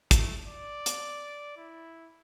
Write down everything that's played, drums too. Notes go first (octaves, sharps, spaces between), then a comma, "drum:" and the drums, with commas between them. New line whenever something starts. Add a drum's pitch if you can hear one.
A3, drum: kick, hi-hat
D5
drum: hi-hat
E4